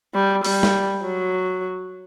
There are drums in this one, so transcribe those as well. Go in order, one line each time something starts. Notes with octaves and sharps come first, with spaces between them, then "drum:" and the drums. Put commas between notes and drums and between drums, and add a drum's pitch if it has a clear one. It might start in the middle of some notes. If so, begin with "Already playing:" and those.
G3
G3, drum: open hi-hat
drum: snare
F#3